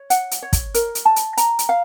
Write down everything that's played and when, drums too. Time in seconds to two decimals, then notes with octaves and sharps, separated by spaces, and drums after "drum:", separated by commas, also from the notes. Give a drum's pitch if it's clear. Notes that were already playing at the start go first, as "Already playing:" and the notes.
Already playing: C#5
0.10 F#5, drum: hi-hat
0.31 drum: hi-hat
0.42 C#5
0.53 drum: kick, hi-hat
0.74 A#4, drum: hi-hat
0.95 drum: hi-hat
1.05 A5
1.16 drum: hi-hat
1.37 A#5, drum: hi-hat
1.59 drum: hi-hat
1.69 F5